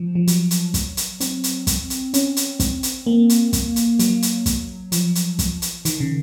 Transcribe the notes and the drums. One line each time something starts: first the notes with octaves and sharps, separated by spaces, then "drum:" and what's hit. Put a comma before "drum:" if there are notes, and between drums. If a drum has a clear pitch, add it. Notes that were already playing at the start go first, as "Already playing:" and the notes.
Already playing: F3
F3
F#3, drum: hi-hat
drum: hi-hat
drum: kick, hi-hat
drum: hi-hat
C4, drum: hi-hat
drum: hi-hat
drum: kick, hi-hat
drum: hi-hat
C#4, drum: hi-hat
drum: hi-hat
C4, drum: kick, hi-hat
drum: hi-hat
A#3
drum: hi-hat
drum: kick, hi-hat
drum: hi-hat
F#3, drum: hi-hat
drum: hi-hat
drum: kick, hi-hat
F3, drum: hi-hat
drum: hi-hat
drum: kick, hi-hat
drum: hi-hat
D#3, drum: hi-hat
C#3